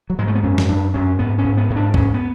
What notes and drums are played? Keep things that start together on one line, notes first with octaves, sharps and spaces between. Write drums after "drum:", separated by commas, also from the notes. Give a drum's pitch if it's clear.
F#3
G#2 G#3
A3
B3
F#2 C#4
drum: snare
F#2 D4
F#2 C#4
G#2 B3
C#4
G#2
B3
G#2
D4
G#2 C#4, drum: kick C2
B3